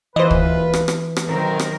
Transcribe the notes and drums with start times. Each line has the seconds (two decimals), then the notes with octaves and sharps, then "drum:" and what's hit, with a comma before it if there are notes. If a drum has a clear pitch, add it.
0.16 F#1 E3 F4 B4 C5 D#5
0.31 drum: kick
0.74 drum: rim click
0.88 drum: rim click
1.16 drum: rim click
1.27 B1 D#3 F#3 C4 A#4
1.59 drum: rim click